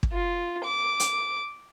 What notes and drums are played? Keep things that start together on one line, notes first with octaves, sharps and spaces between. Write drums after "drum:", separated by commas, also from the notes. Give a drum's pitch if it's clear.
drum: kick
F4
D6
drum: hi-hat